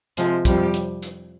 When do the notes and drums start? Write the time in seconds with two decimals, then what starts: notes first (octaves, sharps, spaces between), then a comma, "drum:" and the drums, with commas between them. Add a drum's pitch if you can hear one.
0.17 C3 F3 G#3 C4, drum: hi-hat
0.45 F2 C3 F3 G3 G4, drum: kick, hi-hat
0.74 drum: hi-hat
1.02 drum: hi-hat